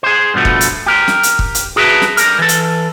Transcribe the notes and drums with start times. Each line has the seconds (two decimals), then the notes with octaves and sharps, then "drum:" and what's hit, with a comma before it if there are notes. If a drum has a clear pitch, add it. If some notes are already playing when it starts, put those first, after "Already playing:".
0.03 G#4 C5
0.34 G2 B2 F3 A3
0.45 drum: kick
0.61 drum: hi-hat
0.86 G4 A#4
1.08 drum: snare
1.23 drum: hi-hat
1.39 drum: kick
1.55 drum: hi-hat
1.76 F#4 G#4 A#4 B4 E5 A5
2.02 drum: snare
2.17 G3 A#4, drum: hi-hat
2.39 E3 A4
2.48 drum: hi-hat